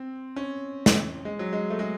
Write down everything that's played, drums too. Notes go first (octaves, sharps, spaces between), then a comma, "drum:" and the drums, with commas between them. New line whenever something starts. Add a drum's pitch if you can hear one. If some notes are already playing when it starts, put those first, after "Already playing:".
Already playing: C4
C#4
drum: snare
G#3
F#3
G#3
A3
G#3